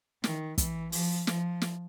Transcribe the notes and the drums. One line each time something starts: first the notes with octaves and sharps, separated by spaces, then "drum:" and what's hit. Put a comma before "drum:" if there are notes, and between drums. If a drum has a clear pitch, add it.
D#3, drum: snare
E3, drum: kick, hi-hat
F3, drum: open hi-hat
F3, drum: snare
drum: snare